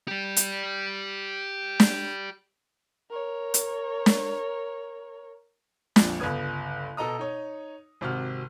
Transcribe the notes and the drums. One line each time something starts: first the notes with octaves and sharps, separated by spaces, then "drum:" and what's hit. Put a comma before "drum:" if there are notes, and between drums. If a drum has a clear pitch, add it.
G4 D5
drum: hi-hat
drum: snare
A#4 C#5
drum: hi-hat
drum: snare
A#1 F2, drum: snare
G1 C#2 B4 D#6 G#6
B2 A4 D#5 A#5 D#6
D#4 C#5
G#1 C3 F#4 F6